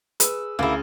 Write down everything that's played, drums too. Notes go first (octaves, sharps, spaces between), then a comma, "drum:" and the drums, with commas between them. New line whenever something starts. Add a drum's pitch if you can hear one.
G#4 B4 E6, drum: hi-hat
D2 A#3 C#4 E4 G#4